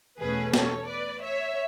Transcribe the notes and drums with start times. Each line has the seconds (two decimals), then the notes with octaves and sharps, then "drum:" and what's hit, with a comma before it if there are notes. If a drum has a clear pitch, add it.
0.20 E2 B2 A3 C#4 G#4 B4
0.54 A4 C#5, drum: snare
0.88 B4 D5
1.22 C#5 E5